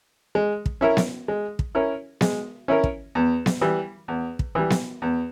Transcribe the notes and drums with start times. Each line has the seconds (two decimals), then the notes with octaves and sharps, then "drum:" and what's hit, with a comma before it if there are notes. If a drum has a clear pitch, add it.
0.35 G#3
0.66 drum: kick
0.81 C#4 E4 A#4
0.97 drum: snare B3
1.28 G#3
1.59 drum: kick
1.75 C#4 E4 A#4
2.21 G#3, drum: snare B3
2.68 C#4 E4 A#4
2.84 drum: kick
3.15 E2
3.46 drum: snare B3
3.61 E3 G3
4.08 E2
4.39 drum: kick
4.55 E3 G3
4.70 drum: snare B3
5.02 E2